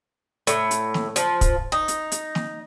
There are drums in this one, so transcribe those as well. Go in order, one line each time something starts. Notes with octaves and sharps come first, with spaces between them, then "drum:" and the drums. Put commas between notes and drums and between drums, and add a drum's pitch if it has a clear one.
A2, drum: hi-hat
drum: hi-hat
drum: snare
F3, drum: hi-hat
drum: kick, hi-hat
D#4
drum: hi-hat
drum: hi-hat
drum: snare